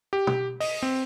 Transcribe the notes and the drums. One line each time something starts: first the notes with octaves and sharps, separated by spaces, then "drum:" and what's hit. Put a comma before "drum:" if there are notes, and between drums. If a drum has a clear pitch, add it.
G4
drum: tom
D#5, drum: open hi-hat
C4